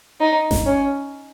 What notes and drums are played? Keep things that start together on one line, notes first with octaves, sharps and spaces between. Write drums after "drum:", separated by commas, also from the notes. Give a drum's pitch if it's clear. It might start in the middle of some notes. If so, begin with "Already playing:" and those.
D#4
drum: snare G#1
C#4